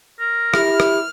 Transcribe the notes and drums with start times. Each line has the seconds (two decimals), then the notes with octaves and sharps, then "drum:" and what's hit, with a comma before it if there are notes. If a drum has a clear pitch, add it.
0.19 A#4
0.54 E4 G4 F6, drum: rim click
0.80 drum: rim click